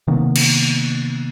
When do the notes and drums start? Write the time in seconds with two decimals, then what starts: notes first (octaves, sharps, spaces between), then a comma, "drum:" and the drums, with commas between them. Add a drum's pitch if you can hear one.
0.07 C3 D#3 A#3 B3
0.36 drum: cymbal